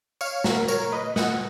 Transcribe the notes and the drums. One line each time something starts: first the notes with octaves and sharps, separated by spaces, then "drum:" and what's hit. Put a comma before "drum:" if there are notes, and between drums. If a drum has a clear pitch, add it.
C#5 F5, drum: tambourine
F#4 A#4, drum: snare
A#4 C#5, drum: tambourine
B4 D#5
D#5 F#5, drum: snare